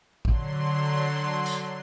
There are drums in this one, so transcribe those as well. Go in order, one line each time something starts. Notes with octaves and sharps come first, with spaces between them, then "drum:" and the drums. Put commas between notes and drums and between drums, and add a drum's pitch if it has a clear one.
D3 F#3 C6, drum: kick
drum: tambourine